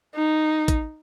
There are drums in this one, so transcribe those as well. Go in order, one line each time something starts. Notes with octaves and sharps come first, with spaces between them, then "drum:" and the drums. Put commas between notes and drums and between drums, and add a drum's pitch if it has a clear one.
D#4
drum: kick, hi-hat